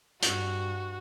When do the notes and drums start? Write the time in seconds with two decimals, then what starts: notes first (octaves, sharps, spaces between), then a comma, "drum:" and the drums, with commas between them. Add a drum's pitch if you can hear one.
0.22 G2 F#4, drum: hi-hat